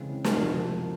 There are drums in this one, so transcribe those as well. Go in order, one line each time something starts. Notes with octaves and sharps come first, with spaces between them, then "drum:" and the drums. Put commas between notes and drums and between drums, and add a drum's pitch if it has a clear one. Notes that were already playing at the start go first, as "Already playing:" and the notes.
Already playing: C#3 E3 G#3 C4
drum: snare
D2 C3 F3 A#3